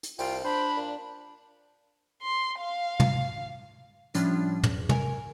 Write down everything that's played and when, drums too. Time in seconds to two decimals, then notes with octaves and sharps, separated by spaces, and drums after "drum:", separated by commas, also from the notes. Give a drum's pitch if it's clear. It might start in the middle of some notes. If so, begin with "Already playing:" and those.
0.03 drum: hi-hat
0.19 C2 F4 G5, drum: open hi-hat
0.44 D4 C5 B5
0.77 A#2
2.22 C6
2.60 F5
3.00 drum: tom
4.14 A2 F3 G3 C#4 D4 F4, drum: hi-hat
4.63 E2, drum: tom
4.89 A#4 G#5, drum: tom